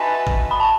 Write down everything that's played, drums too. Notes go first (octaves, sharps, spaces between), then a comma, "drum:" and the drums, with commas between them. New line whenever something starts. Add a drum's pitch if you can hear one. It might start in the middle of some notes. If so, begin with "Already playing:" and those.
Already playing: D#4 F#4 B4 E5 G#5 A5
drum: kick A1
B5
A5